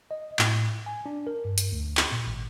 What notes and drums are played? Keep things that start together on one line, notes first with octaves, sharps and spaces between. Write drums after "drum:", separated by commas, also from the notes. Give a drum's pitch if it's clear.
D#5
A2, drum: clap
G#5
D4
A#4
G2
drum: hi-hat
D2
drum: clap
A#2
G#1